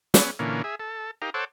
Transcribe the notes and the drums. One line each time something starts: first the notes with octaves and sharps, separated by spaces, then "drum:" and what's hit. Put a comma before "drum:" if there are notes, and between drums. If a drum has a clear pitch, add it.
B3 C#4, drum: snare
A#2 D3 E3 A#3 C#4
G#4 E5
A4
D#4 G4 A#4 F5
A4 C5 C#5 F#5 D6 E6